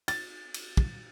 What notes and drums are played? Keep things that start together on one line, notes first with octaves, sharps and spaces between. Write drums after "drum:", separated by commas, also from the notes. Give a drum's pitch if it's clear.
A6, drum: cymbal
drum: cymbal
drum: kick